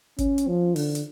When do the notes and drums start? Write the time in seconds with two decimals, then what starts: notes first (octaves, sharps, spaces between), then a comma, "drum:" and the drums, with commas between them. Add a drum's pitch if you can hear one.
0.18 C#4, drum: kick G#1, hi-hat
0.38 drum: hi-hat
0.47 F3
0.76 D3, drum: open hi-hat
0.95 drum: hi-hat